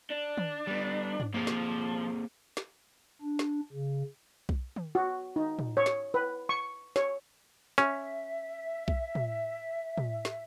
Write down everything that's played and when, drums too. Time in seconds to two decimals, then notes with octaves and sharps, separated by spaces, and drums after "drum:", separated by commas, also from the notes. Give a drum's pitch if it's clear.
0.10 D4
0.37 drum: tom
0.67 G3 B3
1.20 drum: tom G2
1.34 F3 A#3 C4 G#4
1.47 drum: snare
2.57 drum: snare
3.22 D4
3.39 drum: snare
3.73 C#3
4.49 drum: kick B1
4.76 drum: tom
4.95 F#4
5.36 D#4
5.59 drum: tom
5.77 C#5
5.86 drum: snare
6.14 B4
6.49 C#6
6.96 C#5, drum: snare
7.78 C#4 E5, drum: snare
8.88 drum: kick B1
9.15 drum: tom
9.98 drum: tom
10.25 drum: snare